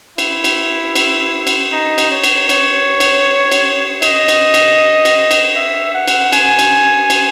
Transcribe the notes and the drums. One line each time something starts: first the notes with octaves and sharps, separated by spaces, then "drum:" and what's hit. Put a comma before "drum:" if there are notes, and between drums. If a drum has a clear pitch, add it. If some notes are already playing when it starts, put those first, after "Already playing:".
E4, drum: cymbal
drum: cymbal
drum: cymbal
drum: cymbal
D#4
drum: cymbal
C#5
drum: cymbal
C#5, drum: cymbal
drum: cymbal
drum: cymbal
D#5, drum: cymbal
drum: cymbal
drum: cymbal
drum: cymbal
drum: cymbal
E5
F#5
drum: cymbal
G#5, drum: cymbal
drum: cymbal
drum: cymbal